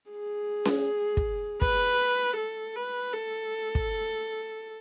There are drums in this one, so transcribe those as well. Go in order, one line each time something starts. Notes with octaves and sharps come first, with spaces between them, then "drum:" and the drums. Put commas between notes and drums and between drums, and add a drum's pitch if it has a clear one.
G#4
drum: snare C#4
drum: kick
B4, drum: kick
A4
B4
A4
drum: kick